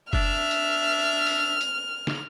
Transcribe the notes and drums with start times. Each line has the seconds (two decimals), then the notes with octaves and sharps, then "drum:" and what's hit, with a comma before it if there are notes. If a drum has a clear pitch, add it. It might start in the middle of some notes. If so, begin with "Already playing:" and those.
0.13 D4 E5 F6, drum: kick F#1
0.51 drum: hi-hat
1.27 drum: open hi-hat
1.61 drum: hi-hat
2.07 drum: snare